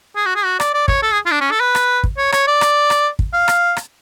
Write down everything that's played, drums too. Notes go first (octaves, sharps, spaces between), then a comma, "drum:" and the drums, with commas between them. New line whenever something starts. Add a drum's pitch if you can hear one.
G#4
F#4
G#4
F#4
D5, drum: rim click
D5
C#5, drum: kick
A4
G#4
F4
D4
C#4
A4
B4
drum: rim click
drum: kick
C#5
C#5, drum: rim click
D5
drum: rim click
drum: rim click
drum: kick
F5
drum: rim click
drum: rim click